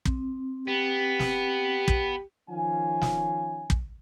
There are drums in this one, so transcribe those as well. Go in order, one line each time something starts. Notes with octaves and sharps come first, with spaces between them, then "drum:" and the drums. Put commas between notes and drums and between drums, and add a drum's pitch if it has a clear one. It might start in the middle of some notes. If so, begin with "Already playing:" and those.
C4, drum: kick
B3 G4
drum: snare
drum: kick
D#3 F3 C#4 F5 G#5
drum: snare
drum: kick